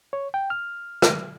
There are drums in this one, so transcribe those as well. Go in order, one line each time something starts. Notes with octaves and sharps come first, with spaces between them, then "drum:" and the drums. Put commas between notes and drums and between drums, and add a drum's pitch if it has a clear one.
C#5
G5
F6
drum: rim click